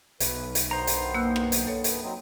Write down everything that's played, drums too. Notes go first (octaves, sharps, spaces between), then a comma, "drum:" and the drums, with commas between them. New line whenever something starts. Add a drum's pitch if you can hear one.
B1 B4, drum: hi-hat
drum: hi-hat
G2 D#3 B3 C5 A#5
drum: hi-hat
A#3 E6 F#6
drum: rim click
drum: hi-hat
A4 C#5
drum: hi-hat
F#3 C4 D#4